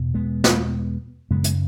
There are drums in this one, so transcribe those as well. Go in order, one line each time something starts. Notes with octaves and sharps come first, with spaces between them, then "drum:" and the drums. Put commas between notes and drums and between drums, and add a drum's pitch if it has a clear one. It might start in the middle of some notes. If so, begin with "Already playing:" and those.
Already playing: E2 B2
G#3 B3
drum: snare
F#2 C#3 G#3 B3
drum: hi-hat